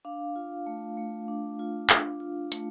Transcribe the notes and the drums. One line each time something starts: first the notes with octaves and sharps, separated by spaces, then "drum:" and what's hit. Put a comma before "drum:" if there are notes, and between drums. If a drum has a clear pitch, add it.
D4 F5
F4
A3
A3
D4
F4
D4, drum: clap
F4
A3, drum: hi-hat